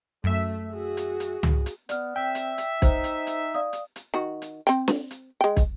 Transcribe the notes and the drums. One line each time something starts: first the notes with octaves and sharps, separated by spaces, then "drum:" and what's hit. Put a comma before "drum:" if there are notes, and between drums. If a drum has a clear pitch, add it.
F#2 A3 E5
F#4 G#4
drum: hi-hat
drum: hi-hat
drum: tom
drum: hi-hat
B3 D5 F6, drum: hi-hat
C4 E5 G5
drum: hi-hat
drum: hi-hat
D#4 C5, drum: kick, hi-hat
drum: hi-hat
drum: hi-hat
D5 F5 D#6
drum: hi-hat
drum: hi-hat
D#3 F#4
drum: hi-hat
C4 G5, drum: hi-hat
drum: snare
drum: hi-hat
G#3 G5
drum: kick, hi-hat